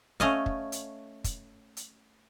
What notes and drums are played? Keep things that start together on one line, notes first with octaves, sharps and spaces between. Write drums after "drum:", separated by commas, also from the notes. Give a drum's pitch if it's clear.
A3 C#4 D#5 F5, drum: snare
drum: kick
drum: hi-hat
drum: kick, hi-hat
drum: hi-hat